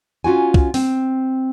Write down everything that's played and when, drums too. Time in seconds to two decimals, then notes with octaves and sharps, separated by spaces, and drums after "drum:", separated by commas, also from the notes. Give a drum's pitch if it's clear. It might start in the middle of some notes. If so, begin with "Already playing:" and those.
0.24 C#4 F4 F#4 G#5
0.54 drum: kick C2
0.74 C4, drum: open hi-hat